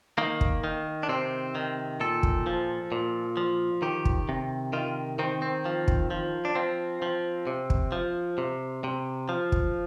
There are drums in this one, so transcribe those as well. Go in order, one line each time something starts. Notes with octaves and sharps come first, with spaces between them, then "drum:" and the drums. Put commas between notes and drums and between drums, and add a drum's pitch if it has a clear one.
D#3 A#3
drum: kick
D#3
D4
C3 C4
D#3
A#2 A4
drum: kick
F3
A#2
F3
D#3 G4
drum: kick
C3
D#3 F4
D#3 C4
C4
F3
drum: kick
F3
D4
F3 C4
F3
C3
drum: kick
F3
C3
C3
F3
drum: kick